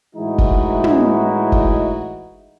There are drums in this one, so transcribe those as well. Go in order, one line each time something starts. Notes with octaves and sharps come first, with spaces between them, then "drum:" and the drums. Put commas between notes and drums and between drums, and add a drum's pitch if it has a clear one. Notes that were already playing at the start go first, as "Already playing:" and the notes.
A2 E3 G#3 D#4 E4 F#4
drum: kick
drum: tom
drum: kick